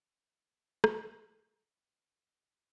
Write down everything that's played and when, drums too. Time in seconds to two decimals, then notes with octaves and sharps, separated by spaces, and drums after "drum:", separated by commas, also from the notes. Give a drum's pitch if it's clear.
0.10 G#3 C5
0.30 D#3
0.51 D3 C5
0.72 C#3
0.84 drum: rim click
0.93 B2 B4
1.14 C3
1.35 B2
1.56 C3